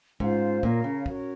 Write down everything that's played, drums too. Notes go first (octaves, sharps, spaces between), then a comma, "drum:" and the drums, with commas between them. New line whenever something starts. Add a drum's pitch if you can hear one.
G#2 C#4 F4 C5 F5, drum: kick
A#2 A#4 C#5 F5, drum: kick
C#3
C#4 F#4 A#4 C#5, drum: kick